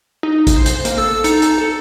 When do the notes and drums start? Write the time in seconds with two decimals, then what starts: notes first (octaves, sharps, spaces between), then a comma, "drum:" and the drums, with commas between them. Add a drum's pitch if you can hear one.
0.23 D#4
0.47 drum: kick A#1, hi-hat
0.56 C5
0.66 drum: hi-hat
0.85 A#3, drum: hi-hat
0.98 A4 E6
1.24 D#4 C#7, drum: hi-hat
1.42 drum: hi-hat
1.58 A4